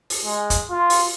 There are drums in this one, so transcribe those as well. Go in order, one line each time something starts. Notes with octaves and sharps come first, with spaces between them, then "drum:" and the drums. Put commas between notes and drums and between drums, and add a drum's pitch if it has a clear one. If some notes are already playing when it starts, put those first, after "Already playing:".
drum: open hi-hat
G#3
drum: kick, hi-hat
F4
drum: open hi-hat